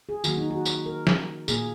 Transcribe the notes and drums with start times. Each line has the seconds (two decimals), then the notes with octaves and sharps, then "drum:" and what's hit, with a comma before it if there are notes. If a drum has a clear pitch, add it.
0.09 G#4
0.24 D#3 F#3 A#3 F#4, drum: tambourine
0.37 D#4
0.51 F#4
0.65 drum: tambourine
0.86 A#4
1.07 drum: snare
1.48 A#2 A#3 G#4, drum: tambourine